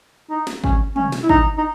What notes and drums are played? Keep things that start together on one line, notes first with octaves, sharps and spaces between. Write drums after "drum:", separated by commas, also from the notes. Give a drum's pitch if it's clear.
D#4
drum: snare
C#4, drum: kick
C#4, drum: tom
drum: snare
E4
D#4, drum: kick
D#4